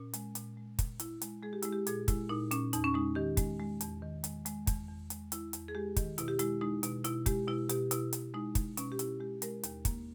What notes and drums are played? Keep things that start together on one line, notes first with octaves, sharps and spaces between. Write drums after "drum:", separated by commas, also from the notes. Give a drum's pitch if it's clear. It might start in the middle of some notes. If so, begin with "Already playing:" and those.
Already playing: A#2 C#4
G#3, drum: hi-hat
A#2, drum: hi-hat
G#3
A#2, drum: kick, hi-hat
A#2 E4, drum: hi-hat
G#3, drum: hi-hat
G#3 G#4
G4
G#3 E4, drum: hi-hat
G4
A#2 G#4, drum: hi-hat
G#3 E4, drum: kick, hi-hat
A#2 D#4
A#2 C#4, drum: hi-hat
E2 D#4, drum: hi-hat
C#4
G#3 D#4
D#3 G4
G#3, drum: kick, hi-hat
G#3
E2, drum: hi-hat
D#3
G#3, drum: hi-hat
G#3, drum: hi-hat
E2, drum: kick, hi-hat
E2
G#3, drum: hi-hat
G#3 E4, drum: hi-hat
E2, drum: hi-hat
G#4
G#3 G4
D#3, drum: kick, hi-hat
B2 E4, drum: hi-hat
G4
G#3 E4, drum: hi-hat
G#3 D#4
B2, drum: hi-hat
B2 E4, drum: hi-hat
G#3 G4, drum: kick, hi-hat
B2 E4
B2 G4, drum: hi-hat
B2 E4, drum: hi-hat
B2, drum: hi-hat
G#3 D#4
G#3, drum: kick, hi-hat
B2 C#4, drum: hi-hat
G4
B2 E4, drum: hi-hat
G#3 G4
G#3 A#4, drum: hi-hat
D#2, drum: hi-hat
A#3, drum: kick, hi-hat